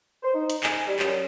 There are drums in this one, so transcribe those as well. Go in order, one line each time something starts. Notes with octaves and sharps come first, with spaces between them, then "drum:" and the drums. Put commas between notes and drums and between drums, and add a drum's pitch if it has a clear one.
C5
D#4
drum: hi-hat
G#5, drum: clap
G3
F#2, drum: clap